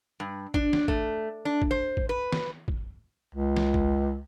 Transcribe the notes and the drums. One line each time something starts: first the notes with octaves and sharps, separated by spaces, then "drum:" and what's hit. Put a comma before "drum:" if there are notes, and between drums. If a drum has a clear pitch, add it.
G2
D4, drum: kick A1
drum: snare
A3, drum: kick A1
D4
drum: kick A1
C5
drum: kick A1
B4
drum: snare
drum: kick A1
C#2
drum: snare
drum: kick A1